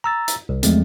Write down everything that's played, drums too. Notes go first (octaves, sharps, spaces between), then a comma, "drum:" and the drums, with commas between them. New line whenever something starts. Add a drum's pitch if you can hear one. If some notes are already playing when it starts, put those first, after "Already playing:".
A#5 E6 A6
drum: hi-hat
C2
E2 F3 G#3 A3 C4, drum: hi-hat